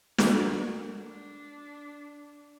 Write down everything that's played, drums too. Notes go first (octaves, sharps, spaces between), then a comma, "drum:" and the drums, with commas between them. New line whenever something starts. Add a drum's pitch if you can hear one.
F#4 A#4, drum: snare
D4